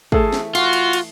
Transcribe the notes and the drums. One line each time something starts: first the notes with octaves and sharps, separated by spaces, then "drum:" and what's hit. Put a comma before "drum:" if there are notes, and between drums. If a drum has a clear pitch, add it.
E3 A3 G#4 A4, drum: kick
drum: snare
F4 F#4 C7, drum: cymbal
drum: cymbal
drum: cymbal